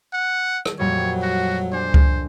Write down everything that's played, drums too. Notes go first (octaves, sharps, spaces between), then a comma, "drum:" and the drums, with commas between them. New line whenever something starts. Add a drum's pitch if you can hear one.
F#5
drum: rim click
F2 A#2 F#3 G3 C#5
F#4
D4 C5 G#5
drum: kick C#2